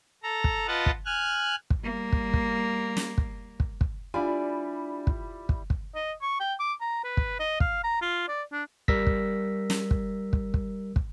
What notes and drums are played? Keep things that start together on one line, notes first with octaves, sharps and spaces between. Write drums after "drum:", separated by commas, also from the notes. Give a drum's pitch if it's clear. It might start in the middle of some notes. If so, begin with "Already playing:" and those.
A4 A#5
drum: kick
F4 B4 D#5 F#5 A5
drum: kick
G#5 F6 F#6
drum: kick
G3 A#3
drum: kick
drum: kick
drum: snare
drum: kick
drum: kick
drum: kick
G3 D4 E4 F4 D5 G#5
drum: kick
drum: kick
drum: kick
D#5
C#6
G5
D6
A#5
B4
drum: kick
D#5
F5, drum: kick
A#5
F4
D5
D4
G3 A#4 E6 A#6 B6, drum: kick
drum: kick
drum: snare
drum: kick
drum: kick
drum: kick
drum: kick